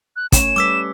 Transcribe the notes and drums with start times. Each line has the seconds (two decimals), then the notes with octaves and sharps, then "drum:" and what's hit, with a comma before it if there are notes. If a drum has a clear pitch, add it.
0.16 F#6
0.32 A3 C#4 C#5 E7, drum: kick, hi-hat
0.56 G3 B4 D6 E6 B6